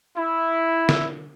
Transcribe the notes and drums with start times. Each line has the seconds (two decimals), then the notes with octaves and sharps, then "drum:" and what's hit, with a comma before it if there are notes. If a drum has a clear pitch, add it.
0.16 E4
0.89 drum: snare